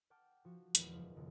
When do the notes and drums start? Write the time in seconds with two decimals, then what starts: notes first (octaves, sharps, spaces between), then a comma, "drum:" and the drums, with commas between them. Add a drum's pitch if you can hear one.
0.10 F#5 G5 A5 D6 F6
0.45 F3 F#4
0.75 D#1 E2 G#3, drum: hi-hat
0.93 F#1 F3
1.15 D#1 F2 C#3